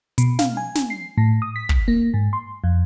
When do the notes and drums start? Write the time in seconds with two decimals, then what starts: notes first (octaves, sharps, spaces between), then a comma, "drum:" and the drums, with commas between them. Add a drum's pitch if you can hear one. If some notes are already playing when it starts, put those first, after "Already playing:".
0.18 B2, drum: hi-hat
0.39 F5, drum: snare
0.57 G#5
0.75 drum: snare
0.90 C7
1.18 A2
1.42 D#6
1.56 B6
1.69 drum: kick
1.88 A#3
2.14 G#2
2.33 C6
2.64 F2